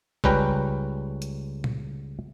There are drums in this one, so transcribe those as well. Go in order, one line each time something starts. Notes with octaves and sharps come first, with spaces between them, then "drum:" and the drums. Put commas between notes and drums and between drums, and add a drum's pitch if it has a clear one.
C#2 G3 C#4 B4 G5 A#5, drum: kick
drum: hi-hat
drum: tom A#2